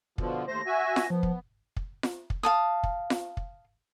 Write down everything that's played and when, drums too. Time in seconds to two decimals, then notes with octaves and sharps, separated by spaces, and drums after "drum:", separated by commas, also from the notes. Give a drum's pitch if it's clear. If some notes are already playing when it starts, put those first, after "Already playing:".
0.18 B2 D3 F3, drum: kick
0.47 D#2 A3 C5 A#6
0.66 F#4 E5 G#5
0.96 drum: snare F4
1.10 F3 B3
1.23 drum: kick
1.76 drum: kick
2.03 drum: snare F4
2.30 drum: kick
2.43 F5 A5 D#6
2.84 drum: kick
3.10 drum: snare F4
3.37 drum: kick